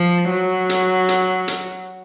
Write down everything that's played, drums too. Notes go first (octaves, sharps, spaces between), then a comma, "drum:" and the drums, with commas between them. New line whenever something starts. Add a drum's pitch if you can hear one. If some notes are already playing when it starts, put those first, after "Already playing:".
Already playing: F3
F#3
drum: hi-hat
drum: hi-hat
drum: hi-hat